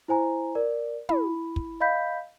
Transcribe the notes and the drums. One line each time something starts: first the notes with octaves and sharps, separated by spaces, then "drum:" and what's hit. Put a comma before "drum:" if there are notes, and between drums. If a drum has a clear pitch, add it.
E4 C5 G#5 A#5
A#4 D5
E4 B5, drum: tom
drum: kick
D#5 F5 B5 G6 B6